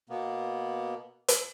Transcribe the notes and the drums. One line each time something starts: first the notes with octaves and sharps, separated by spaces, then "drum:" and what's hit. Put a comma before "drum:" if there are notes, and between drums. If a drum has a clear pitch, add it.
B2 A#3 B3
drum: hi-hat